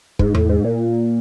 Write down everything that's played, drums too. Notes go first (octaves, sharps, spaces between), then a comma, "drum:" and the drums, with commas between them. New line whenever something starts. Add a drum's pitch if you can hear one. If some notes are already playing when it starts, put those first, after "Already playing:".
G#2, drum: kick
A2, drum: tom E2
G#2
A#2